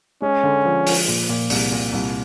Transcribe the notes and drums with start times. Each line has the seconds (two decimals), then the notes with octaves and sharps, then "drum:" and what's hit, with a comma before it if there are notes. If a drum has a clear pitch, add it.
0.22 G#3 C#4
0.44 D3
0.65 F3
0.87 F3, drum: open hi-hat
1.08 A#2
1.29 A#2
1.50 C2, drum: open hi-hat
1.72 A#2
1.93 C2